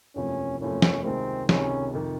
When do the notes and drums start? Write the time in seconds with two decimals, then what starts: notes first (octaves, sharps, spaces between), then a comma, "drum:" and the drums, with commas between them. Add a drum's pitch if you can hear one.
0.16 F#1 E2 C3 F3 A3 C#4
0.60 F#1 E2 C3 F3 A3 C#4
0.82 drum: snare
1.04 C#2 C3 D#3 G#3 C4
1.49 C#2 C3 D#3 G#3 C#4, drum: snare
1.93 F2 C3 D#3